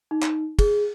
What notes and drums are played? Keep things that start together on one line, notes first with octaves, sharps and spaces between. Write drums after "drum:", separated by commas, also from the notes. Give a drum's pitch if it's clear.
D#4
drum: clap
G#4, drum: kick, cymbal